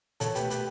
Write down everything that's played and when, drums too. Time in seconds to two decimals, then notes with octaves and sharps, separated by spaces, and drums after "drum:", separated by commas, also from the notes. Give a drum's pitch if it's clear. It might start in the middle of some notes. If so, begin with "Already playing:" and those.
0.20 B2 A4 C#5, drum: hi-hat
0.35 A3 G4 B4, drum: hi-hat
0.50 G4 B4, drum: hi-hat